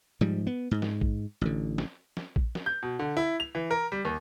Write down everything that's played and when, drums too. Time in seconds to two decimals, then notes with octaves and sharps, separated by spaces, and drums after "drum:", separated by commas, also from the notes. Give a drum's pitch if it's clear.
0.21 G#2 F3 G3
0.47 B3
0.71 G#2
0.82 drum: snare
1.01 drum: kick A#1
1.41 A1 D3
1.78 drum: snare
2.17 drum: snare
2.36 drum: kick A#1
2.55 drum: snare
2.66 G6
2.83 B2
2.99 D3
3.17 E4
3.40 F7
3.55 E3
3.71 A#4
3.92 G3
4.05 D#2